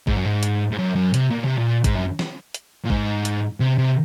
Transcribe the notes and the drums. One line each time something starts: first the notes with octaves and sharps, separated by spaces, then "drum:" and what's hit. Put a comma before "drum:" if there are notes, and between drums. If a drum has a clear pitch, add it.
G#2, drum: kick G#1
F#2
G#2
drum: hi-hat
G#2
F#2
F#2
C3, drum: hi-hat
A#2
C3
A#2
G#2, drum: kick G#1, hi-hat
F#2
drum: snare
drum: hi-hat
A#2
G#2, drum: kick G#1
drum: hi-hat
C3
C3